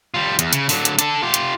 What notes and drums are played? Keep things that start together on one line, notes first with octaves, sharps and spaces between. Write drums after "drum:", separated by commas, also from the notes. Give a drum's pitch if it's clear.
G3 F4
E2, drum: hi-hat
C#3, drum: hi-hat
D3 F#3, drum: open hi-hat
drum: hi-hat
D4 A4, drum: hi-hat
F4 G4
drum: hi-hat